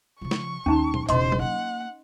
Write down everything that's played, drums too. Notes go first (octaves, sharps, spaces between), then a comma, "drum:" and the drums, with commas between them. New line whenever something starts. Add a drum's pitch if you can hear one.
C#3 F3 C#6
drum: snare
D#2 C#4 D#4 A#5
drum: tom A#2
E1 C#3 C5 D#5 C6, drum: hi-hat
drum: tom F#3
A#3 F#5